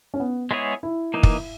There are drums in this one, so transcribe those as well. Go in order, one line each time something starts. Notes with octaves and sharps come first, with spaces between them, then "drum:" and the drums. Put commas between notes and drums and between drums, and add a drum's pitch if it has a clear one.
C#4
B3
G#3 B3 E4 G#4 C#5
E4
E3 A#3 D#4
drum: kick